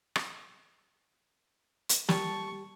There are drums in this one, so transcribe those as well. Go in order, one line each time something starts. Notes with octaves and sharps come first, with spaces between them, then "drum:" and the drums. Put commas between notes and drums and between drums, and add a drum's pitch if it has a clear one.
drum: rim click
drum: hi-hat
G3 G4 A5 C#6, drum: snare